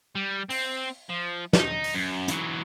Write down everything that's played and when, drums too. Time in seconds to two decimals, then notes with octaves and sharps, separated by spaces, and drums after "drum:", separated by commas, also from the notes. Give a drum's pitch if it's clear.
0.15 G3
0.50 C4, drum: open hi-hat
1.09 F3
1.53 D#4, drum: snare
1.84 drum: open hi-hat
1.94 F#2
2.28 E3 F#3, drum: hi-hat